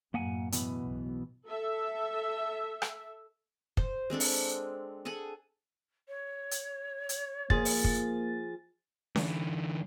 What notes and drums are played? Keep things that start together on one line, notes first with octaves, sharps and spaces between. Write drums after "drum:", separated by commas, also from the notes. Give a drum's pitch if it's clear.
F#2 A2 A#3 F#5 G#5
B2 E3 B3, drum: hi-hat
B1
A4 E5
drum: rim click
C5, drum: kick
G#3 C4 D4 A4
drum: open hi-hat
G#4 A4 F#5 G#5
C#5
drum: hi-hat
drum: hi-hat
F3 A#3 G#4 A6, drum: kick
drum: open hi-hat
drum: kick
D3 E3, drum: snare C#4